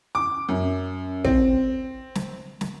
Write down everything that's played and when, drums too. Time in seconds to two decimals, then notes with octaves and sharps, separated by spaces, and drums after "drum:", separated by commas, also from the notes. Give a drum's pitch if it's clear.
0.15 D6
0.49 F#2
1.25 C4, drum: kick
2.15 drum: snare
2.61 drum: snare